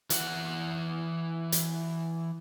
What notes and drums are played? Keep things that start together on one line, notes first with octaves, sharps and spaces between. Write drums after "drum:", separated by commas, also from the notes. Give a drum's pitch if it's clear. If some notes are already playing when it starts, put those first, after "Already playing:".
E3 F#5, drum: hi-hat
drum: hi-hat